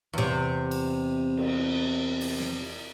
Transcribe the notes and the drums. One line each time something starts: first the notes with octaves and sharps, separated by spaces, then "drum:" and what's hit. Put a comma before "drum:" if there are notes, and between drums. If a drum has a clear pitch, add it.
E2 C3
drum: cymbal
drum: cymbal
drum: open hi-hat
drum: snare